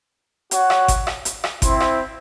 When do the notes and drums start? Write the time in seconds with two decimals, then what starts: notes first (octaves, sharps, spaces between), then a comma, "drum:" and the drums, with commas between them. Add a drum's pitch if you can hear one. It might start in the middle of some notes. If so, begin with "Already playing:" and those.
0.51 F#4 C#5 F#5, drum: hi-hat
0.70 drum: rim click
0.88 drum: kick G1, hi-hat
1.07 drum: rim click
1.25 drum: hi-hat
1.44 drum: rim click
1.62 C4 E4 C5 E5, drum: kick G1, hi-hat
1.80 drum: rim click